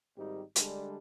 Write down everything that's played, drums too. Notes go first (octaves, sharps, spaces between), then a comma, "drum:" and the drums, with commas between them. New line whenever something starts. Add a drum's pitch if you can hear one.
G#1 G#2 G3 D#4 G4
D3 G3 G#3 D4, drum: hi-hat